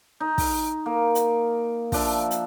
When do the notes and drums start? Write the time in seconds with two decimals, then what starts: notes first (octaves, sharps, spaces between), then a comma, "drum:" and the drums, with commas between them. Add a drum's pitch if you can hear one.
0.20 D#4
0.38 drum: kick, open hi-hat
0.86 A#3
1.15 drum: hi-hat
1.92 F3 D4 E5, drum: kick, open hi-hat
2.31 drum: hi-hat